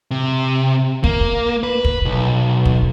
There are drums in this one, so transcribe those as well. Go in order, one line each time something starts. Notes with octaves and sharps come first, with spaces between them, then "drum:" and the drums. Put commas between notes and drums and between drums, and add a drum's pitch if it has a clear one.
C3
A#3, drum: kick
B4
drum: kick
B1
drum: kick